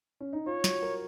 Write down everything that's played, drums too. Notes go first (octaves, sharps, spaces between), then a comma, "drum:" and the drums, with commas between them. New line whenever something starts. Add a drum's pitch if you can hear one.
C#4
D#4
F4 C#5
F#4, drum: snare
A#4